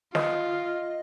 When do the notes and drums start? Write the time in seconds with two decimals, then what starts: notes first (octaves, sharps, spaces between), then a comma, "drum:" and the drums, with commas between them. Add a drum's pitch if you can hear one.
0.15 F4 D#5, drum: snare